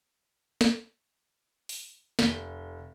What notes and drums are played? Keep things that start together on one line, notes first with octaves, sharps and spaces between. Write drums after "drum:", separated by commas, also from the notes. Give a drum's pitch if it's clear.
drum: snare
drum: open hi-hat
F1 G6 B6 G7, drum: snare